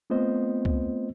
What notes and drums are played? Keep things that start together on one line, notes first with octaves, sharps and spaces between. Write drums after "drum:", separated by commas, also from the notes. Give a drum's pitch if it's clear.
A3 B3 C4 F4 C5 D#5
drum: kick